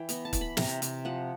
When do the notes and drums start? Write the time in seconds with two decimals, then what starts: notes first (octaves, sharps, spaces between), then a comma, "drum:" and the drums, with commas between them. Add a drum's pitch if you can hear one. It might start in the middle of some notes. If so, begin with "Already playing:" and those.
Already playing: E3 G5
0.09 B3 A#5, drum: hi-hat
0.25 A5
0.33 E3, drum: kick, hi-hat
0.41 B5
0.57 C3 A#5, drum: snare
0.82 C3, drum: hi-hat
1.05 F3 F#5